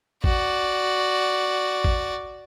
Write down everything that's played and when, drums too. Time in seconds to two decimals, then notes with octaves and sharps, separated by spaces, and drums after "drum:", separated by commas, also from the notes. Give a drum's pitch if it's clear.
0.24 F#4 D5, drum: kick
1.84 drum: kick